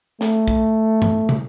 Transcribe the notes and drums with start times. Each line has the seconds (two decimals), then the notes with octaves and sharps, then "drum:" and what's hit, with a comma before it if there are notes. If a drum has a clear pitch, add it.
0.21 A3, drum: snare
0.48 drum: kick
1.02 drum: tom G2
1.29 drum: tom